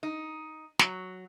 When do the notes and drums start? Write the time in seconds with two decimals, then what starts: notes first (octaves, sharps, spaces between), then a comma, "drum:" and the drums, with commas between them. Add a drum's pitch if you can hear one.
0.03 D#4
0.79 F#3, drum: snare